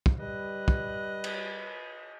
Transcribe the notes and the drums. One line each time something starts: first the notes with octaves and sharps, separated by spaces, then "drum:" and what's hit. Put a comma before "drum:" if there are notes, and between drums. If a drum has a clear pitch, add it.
drum: kick
G3 B4 D#5 F#6
drum: kick
drum: cymbal